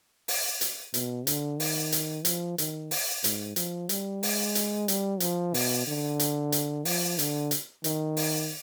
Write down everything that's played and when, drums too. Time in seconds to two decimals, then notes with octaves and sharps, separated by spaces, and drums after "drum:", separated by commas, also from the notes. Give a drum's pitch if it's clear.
0.28 drum: open hi-hat
0.61 drum: hi-hat
0.94 B2, drum: hi-hat
1.27 D3, drum: hi-hat
1.60 D#3, drum: open hi-hat
1.92 drum: hi-hat
2.25 F3, drum: hi-hat
2.58 D#3, drum: hi-hat
2.91 drum: open hi-hat
3.24 G#2, drum: hi-hat
3.56 F3, drum: hi-hat
3.89 G3, drum: hi-hat
4.23 G#3, drum: open hi-hat
4.55 drum: hi-hat
4.88 G3, drum: hi-hat
5.20 F3, drum: hi-hat
5.54 B2, drum: open hi-hat
5.87 D3
6.19 drum: hi-hat
6.52 drum: hi-hat
6.85 F3, drum: open hi-hat
7.19 D3, drum: hi-hat
7.51 drum: hi-hat
7.84 D#3, drum: hi-hat
8.17 drum: open hi-hat